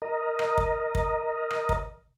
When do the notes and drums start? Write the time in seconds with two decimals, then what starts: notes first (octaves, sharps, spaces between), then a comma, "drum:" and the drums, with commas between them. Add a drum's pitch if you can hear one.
0.02 A#4 D#5
0.39 drum: rim click
0.58 drum: kick
0.95 drum: kick
1.50 drum: rim click
1.69 drum: kick